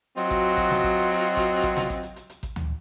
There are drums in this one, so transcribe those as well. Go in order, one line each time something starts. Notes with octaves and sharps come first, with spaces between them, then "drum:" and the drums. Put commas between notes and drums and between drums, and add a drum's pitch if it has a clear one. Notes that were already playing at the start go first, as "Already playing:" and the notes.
F#3 C4 F4 F#4 D#5, drum: hi-hat
drum: kick A1, hi-hat
drum: kick A1, hi-hat
drum: snare
drum: kick A1, hi-hat
drum: hi-hat
drum: hi-hat
drum: hi-hat
drum: kick A1, hi-hat
drum: kick A1, hi-hat
drum: snare
drum: kick A1, hi-hat
drum: hi-hat
drum: hi-hat
drum: hi-hat
drum: kick A1, hi-hat
drum: tom D2